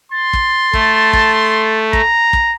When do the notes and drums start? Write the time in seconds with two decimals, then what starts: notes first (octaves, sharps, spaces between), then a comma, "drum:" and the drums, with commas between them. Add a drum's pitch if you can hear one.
0.12 C6 A6
0.33 drum: kick
0.74 A3 A5, drum: kick
1.13 drum: kick
1.93 A#5, drum: kick
2.33 drum: kick